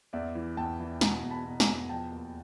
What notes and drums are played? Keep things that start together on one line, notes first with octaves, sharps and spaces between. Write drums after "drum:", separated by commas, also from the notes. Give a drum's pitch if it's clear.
E2 D5 E5
E3
E2 G5 A5
E3
B2 G#5 A#5, drum: snare
E2
A5 B5
B2
G#5 A#5, drum: snare
E2
F3 G5 A5
D#2